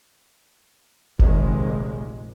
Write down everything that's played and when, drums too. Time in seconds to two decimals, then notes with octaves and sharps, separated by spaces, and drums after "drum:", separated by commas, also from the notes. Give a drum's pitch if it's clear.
1.19 F1 A#1 C3 D#3 G#3, drum: kick F1